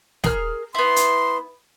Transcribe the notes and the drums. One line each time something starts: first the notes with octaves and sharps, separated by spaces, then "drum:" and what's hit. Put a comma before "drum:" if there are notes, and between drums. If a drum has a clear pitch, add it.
G#4 A#4 F6, drum: snare
B3 E4 C6
drum: hi-hat